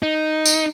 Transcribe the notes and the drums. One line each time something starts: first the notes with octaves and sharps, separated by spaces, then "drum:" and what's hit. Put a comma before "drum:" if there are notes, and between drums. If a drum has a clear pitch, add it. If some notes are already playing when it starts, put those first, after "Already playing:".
D#4
drum: tambourine